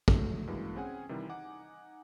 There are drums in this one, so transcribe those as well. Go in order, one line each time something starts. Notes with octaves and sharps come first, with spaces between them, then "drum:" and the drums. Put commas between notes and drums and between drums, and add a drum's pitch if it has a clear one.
D3 F#3 G#3 A3, drum: kick
G2 C#3 E3 G#3 A#3 F#4
C4 C#4 G#4 F#5 G#5
C3 D#3 E3 G3 C4
D#4 F#5 G#5 D6